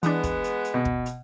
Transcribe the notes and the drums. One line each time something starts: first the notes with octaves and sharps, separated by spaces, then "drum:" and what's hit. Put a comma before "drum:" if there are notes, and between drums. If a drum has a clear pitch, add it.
E3 G#3 B3 D4, drum: hi-hat
drum: kick, hi-hat
drum: hi-hat
drum: hi-hat
B2
drum: kick
drum: hi-hat